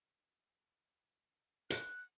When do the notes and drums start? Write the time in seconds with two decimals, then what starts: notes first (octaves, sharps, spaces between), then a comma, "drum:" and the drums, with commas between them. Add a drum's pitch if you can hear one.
1.70 F#6, drum: hi-hat